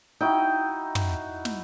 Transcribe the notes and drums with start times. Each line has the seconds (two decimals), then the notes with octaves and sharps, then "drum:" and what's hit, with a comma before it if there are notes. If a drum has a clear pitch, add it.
0.21 D#4 E4 F#4 G5
0.95 drum: tom
1.45 drum: snare